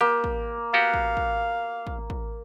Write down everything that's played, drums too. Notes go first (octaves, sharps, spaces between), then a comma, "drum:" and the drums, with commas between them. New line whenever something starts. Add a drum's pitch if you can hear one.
A#3 G4
drum: kick
B3 F#4 G4 F5
drum: kick
drum: kick
drum: kick
drum: kick